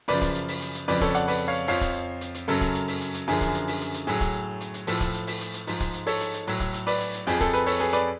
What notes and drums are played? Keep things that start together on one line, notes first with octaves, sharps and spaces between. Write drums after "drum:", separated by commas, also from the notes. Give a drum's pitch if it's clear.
F#2 C#3 F3 B4 D5, drum: open hi-hat
drum: kick, hi-hat
drum: hi-hat
drum: open hi-hat
drum: hi-hat
drum: hi-hat
F2 C#3 F3 B4 D5, drum: open hi-hat
A4 C#5, drum: kick, hi-hat
D5 F#5, drum: hi-hat
B4 D5, drum: open hi-hat
C#5 F5
F2 F3 C#5 F5, drum: open hi-hat
drum: kick, hi-hat
drum: hi-hat
drum: hi-hat
F#2 C#3 F#3 A4, drum: open hi-hat
drum: kick, hi-hat
drum: hi-hat
drum: open hi-hat
drum: hi-hat
drum: hi-hat
F#2 D3 F3 G#4, drum: open hi-hat
drum: kick, hi-hat
drum: hi-hat
drum: open hi-hat
drum: hi-hat
drum: hi-hat
A2 F#3 G#4, drum: open hi-hat
drum: kick, hi-hat
drum: hi-hat
drum: hi-hat
A2 F3 A4, drum: open hi-hat
drum: kick, hi-hat
drum: hi-hat
drum: open hi-hat
drum: hi-hat
drum: hi-hat
G#2 F3, drum: open hi-hat
drum: kick, hi-hat
drum: hi-hat
A4 C#5, drum: open hi-hat
drum: hi-hat
drum: hi-hat
A2 F#3, drum: open hi-hat
drum: kick, hi-hat
drum: hi-hat
B4 D5, drum: open hi-hat
drum: hi-hat
drum: hi-hat
F2 F3 G#4, drum: open hi-hat
A4, drum: kick, hi-hat
B4, drum: hi-hat
A4 C#5, drum: open hi-hat
G#4 B4, drum: hi-hat
B4 D5, drum: hi-hat